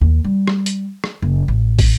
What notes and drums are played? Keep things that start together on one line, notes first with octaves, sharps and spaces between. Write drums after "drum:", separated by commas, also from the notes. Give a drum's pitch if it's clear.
D#2
G3
drum: rim click
drum: hi-hat
drum: rim click
F#1
A1
drum: kick, open hi-hat